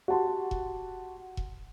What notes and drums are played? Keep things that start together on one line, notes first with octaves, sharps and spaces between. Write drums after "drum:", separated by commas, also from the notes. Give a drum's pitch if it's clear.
F#4 G4 A5 C6
drum: kick E1
drum: kick E1